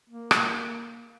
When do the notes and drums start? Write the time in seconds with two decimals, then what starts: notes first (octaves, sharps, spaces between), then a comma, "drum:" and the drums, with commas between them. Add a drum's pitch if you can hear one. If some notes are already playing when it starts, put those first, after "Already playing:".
0.10 A#3
0.31 drum: rim click